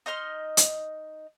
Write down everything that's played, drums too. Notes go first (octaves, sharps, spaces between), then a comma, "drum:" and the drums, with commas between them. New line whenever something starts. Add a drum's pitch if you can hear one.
D#4 D#5 C6 F6
drum: hi-hat